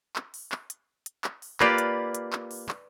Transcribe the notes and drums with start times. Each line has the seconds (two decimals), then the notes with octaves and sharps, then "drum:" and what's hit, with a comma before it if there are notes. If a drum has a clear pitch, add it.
0.16 drum: clap
0.34 drum: open hi-hat
0.52 drum: clap
0.70 drum: hi-hat
1.06 drum: hi-hat
1.24 drum: clap
1.42 drum: open hi-hat
1.60 A#3 F4 G4 B4 D5, drum: clap
1.78 drum: hi-hat
2.15 drum: hi-hat
2.33 drum: clap
2.51 drum: open hi-hat
2.69 drum: clap